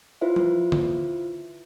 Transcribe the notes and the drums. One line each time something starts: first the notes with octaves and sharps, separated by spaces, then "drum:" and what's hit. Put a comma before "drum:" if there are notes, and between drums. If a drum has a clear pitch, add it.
E4 F4 B4 C5 E5
drum: tom F3
drum: tom D3